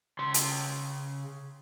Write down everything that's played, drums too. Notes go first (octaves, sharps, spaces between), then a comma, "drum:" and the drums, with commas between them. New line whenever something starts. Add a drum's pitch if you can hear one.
C#3 C6
drum: hi-hat